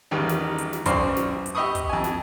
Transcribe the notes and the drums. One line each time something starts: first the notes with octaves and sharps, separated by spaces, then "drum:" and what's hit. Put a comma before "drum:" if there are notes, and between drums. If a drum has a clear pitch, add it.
A1 E2 D#3 G3
drum: snare
drum: hi-hat
drum: snare
B1 F#2 C5 D5 C#6 F6, drum: kick, hi-hat
drum: snare
drum: hi-hat
G4 D#5 E5 B5 C#6 D#6
drum: kick, hi-hat
F2 G#5
drum: snare